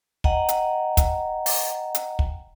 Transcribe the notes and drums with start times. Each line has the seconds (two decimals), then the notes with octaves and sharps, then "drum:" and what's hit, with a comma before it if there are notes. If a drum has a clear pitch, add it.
0.24 D#5 F#5 G5 A#5, drum: kick
0.49 drum: hi-hat
0.97 drum: kick, hi-hat
1.46 drum: open hi-hat
1.95 drum: hi-hat
2.19 drum: kick